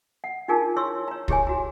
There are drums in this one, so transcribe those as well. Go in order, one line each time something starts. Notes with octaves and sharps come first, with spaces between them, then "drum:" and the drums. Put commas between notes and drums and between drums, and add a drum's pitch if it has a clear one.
F#5
D4 D#4 F4 G#4 A#4 A5
E4 C#5 C6 C#6 E6
C#5 A#5
E4 G4 G#4 C#5 G#5, drum: kick
F#4 A#5